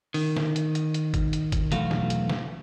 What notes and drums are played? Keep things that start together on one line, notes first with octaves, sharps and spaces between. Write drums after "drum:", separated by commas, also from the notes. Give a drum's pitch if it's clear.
D#3, drum: open hi-hat
drum: snare
drum: hi-hat
drum: hi-hat
drum: hi-hat
drum: kick, hi-hat
drum: hi-hat
drum: kick, hi-hat
B1 E2 A3 F#4 F5, drum: hi-hat
drum: snare
drum: hi-hat
drum: snare